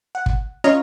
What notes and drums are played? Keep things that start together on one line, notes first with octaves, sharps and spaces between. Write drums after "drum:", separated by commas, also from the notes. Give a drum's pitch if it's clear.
F#5
drum: kick
C#4 F4 C#5 D#5 F5 A#5